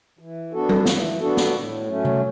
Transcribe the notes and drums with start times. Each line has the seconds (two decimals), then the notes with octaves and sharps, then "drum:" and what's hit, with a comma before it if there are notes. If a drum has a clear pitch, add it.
0.19 E3
0.53 B3 D4 F#4 A4
0.69 drum: tom F#3
0.86 E3, drum: snare
1.20 B3 D4 F#4 A4
1.37 drum: snare
1.55 A2
1.87 F#3 A3 C#4
2.05 drum: tom C3